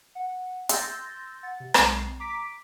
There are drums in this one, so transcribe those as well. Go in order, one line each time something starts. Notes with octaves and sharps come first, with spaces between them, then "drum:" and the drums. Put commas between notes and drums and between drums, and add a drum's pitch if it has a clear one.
F#5
C6 E6 G6 A6 A#6, drum: hi-hat
F#5 A6
C3
B1 G#3 C4 C#6 C7, drum: rim click
A#5 D6 B6 D7